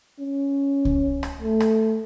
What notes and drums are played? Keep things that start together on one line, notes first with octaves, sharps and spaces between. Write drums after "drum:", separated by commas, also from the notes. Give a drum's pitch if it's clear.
C#4
drum: kick C#2
drum: rim click
A3
drum: rim click